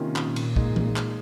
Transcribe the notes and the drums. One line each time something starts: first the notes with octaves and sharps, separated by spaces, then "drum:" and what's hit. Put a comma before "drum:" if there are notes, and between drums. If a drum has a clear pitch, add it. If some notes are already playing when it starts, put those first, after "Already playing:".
Already playing: C3 D#3 A#3 C#4 F4
A#2, drum: clap
drum: cymbal
G#3 D#4 G#4, drum: kick
drum: tom E3
drum: clap